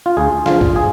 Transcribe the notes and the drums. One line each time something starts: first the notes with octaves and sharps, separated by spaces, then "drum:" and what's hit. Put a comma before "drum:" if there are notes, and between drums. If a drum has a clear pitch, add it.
F4
D2 G#4
D3 F3 F4, drum: snare
drum: kick
G#4